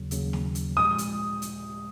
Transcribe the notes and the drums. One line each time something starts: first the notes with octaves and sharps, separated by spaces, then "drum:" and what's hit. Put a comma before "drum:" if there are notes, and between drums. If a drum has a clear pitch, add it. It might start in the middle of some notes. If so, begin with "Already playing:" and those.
Already playing: D#2 C#3 F#3
D#2 C#3 F#3, drum: hi-hat
drum: snare
drum: hi-hat
A#2 F3 G#3 D#6
drum: hi-hat
drum: hi-hat